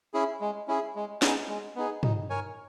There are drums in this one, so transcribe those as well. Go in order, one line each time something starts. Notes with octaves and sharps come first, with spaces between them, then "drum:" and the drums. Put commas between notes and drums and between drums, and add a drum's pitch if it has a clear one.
C#4 E4 G#4
G#3
C#4 E4 G#4
G#3
B3 D#4 G#4, drum: snare
G#3
B3 D#4 G#4
D#4, drum: tom
A#4 C#5 G#5